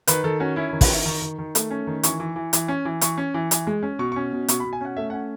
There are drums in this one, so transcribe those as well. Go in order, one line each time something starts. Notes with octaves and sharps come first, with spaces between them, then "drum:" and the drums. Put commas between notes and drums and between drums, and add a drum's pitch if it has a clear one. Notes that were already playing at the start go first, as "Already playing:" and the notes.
D#3 B4, drum: hi-hat
D#3 A4
C#4 F#4
C#4 E4
E4
D#3
B4, drum: kick, open hi-hat
D#3 E5
D#3 C#6
D#3
D#3
A3, drum: hi-hat
C#4
D#3
E3 C#6, drum: hi-hat
E3
E3
E3, drum: hi-hat
C#4
E3
E3 C#6, drum: hi-hat
C#4
E3
E3, drum: hi-hat
G#3
C#4
B2 C#6
C#6
C#4
B2
B2 C#6, drum: hi-hat
B5
B2
G#5
C#4 F#5
A3 E5
F#5
C#4